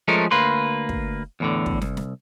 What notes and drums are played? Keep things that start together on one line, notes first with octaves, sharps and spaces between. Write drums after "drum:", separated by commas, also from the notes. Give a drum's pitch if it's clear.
F3 G#3 A3 C#4 A4 A#4
D2 A#3 B4 C6
drum: kick
E2 A2 D3
drum: kick
C2, drum: snare
drum: snare